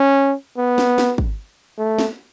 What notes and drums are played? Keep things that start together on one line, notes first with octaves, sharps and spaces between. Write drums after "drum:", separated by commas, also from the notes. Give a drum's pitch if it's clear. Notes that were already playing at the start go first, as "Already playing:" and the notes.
Already playing: C#4
B3
drum: snare
drum: snare
drum: kick
A3
drum: snare